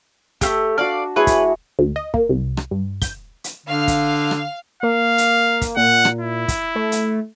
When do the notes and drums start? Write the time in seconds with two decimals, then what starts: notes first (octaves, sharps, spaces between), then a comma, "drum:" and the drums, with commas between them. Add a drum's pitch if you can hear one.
0.41 A3 F4 G4, drum: kick, hi-hat
0.78 D4 F#4 D5 F5
1.16 G#3 E4 F#4 G#4 B4 C#5
1.27 drum: kick, hi-hat
1.79 D2
1.96 D#5
2.14 A#3, drum: kick
2.29 C2
2.57 drum: rim click
2.71 G2
3.02 G6, drum: kick, hi-hat
3.44 drum: hi-hat
3.66 D3 F5
3.88 drum: kick, hi-hat
4.31 drum: rim click
4.83 A#3 F5
5.18 drum: hi-hat
5.61 drum: kick, hi-hat
5.77 A#2 F#5
6.05 drum: rim click
6.21 E4
6.48 drum: kick, hi-hat
6.75 A3
6.92 drum: hi-hat